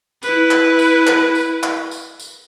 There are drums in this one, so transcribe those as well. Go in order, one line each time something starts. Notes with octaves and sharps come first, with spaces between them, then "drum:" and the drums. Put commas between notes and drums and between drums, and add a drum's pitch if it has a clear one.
E4 B4, drum: tambourine
drum: clap
drum: tambourine
drum: clap
drum: tambourine
drum: clap
drum: tambourine
drum: tambourine